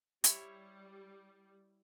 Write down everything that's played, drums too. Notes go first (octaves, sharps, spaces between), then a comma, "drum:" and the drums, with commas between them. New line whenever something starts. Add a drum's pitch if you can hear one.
G3 E4 C#5, drum: hi-hat